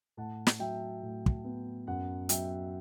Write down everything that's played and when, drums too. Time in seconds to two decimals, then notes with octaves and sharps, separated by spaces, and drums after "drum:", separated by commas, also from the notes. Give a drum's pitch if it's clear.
0.17 A2 F#5 A5
0.47 drum: snare
0.59 F#3 E5 G5
1.02 A2
1.26 drum: kick
1.45 B3
1.87 F#2 F#5
2.29 F#3 E5 G5, drum: hi-hat